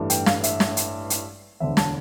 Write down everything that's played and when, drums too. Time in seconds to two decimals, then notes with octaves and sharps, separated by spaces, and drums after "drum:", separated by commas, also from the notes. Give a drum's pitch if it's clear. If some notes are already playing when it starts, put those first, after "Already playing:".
Already playing: A1 G2 E3 A3
0.10 G5, drum: hi-hat
0.26 F5, drum: snare
0.43 E5, drum: hi-hat
0.60 drum: snare
0.77 drum: hi-hat
1.10 drum: hi-hat
1.60 E1 D2 D3 E5
1.77 A5, drum: snare